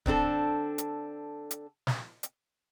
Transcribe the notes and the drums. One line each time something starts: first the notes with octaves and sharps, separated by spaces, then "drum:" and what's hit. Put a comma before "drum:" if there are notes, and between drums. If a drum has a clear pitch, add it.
D3 C4 D4 A4, drum: kick D1
drum: hi-hat
drum: hi-hat
drum: snare
drum: hi-hat